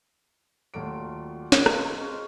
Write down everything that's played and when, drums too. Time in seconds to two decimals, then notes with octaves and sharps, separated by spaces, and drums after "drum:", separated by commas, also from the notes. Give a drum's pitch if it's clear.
0.74 D#2 F#3 A3 D4 F4 D7
1.52 G#3 A#4 C#5, drum: snare
1.66 C4 C#4 B4 D#5 F5, drum: rim click
1.96 G#3 C#4